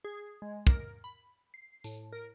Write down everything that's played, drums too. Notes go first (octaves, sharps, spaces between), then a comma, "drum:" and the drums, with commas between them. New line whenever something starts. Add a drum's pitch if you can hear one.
G#4
G#3
A#4, drum: kick
B5
C7
A2, drum: tambourine
A#4